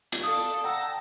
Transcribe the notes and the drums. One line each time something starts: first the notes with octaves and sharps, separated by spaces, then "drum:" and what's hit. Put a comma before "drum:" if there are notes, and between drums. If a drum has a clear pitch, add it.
drum: hi-hat
A4 D5 F5 D#6
F#5 G5 A5 A#5 E6 A#6